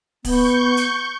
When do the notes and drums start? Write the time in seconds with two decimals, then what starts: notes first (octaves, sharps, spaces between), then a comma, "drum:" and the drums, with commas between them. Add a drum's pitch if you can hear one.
0.25 B3 C#6 G6, drum: kick, open hi-hat
0.77 drum: hi-hat